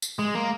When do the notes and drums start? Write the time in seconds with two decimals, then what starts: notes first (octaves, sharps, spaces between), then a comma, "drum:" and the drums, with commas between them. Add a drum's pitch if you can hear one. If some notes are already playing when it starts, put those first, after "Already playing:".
0.02 drum: tambourine
0.19 G#3
0.35 A#3